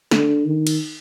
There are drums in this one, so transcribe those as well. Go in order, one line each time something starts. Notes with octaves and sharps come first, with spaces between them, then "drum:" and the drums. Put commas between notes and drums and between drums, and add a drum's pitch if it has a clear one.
D3, drum: snare
D#3
drum: cymbal